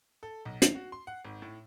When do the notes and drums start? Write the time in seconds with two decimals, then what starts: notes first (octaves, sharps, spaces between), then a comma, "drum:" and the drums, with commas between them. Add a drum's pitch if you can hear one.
0.23 A4
0.45 B1
0.62 C7, drum: hi-hat
0.75 F#4
0.92 C6
1.07 F#5
1.25 G#1
1.42 A2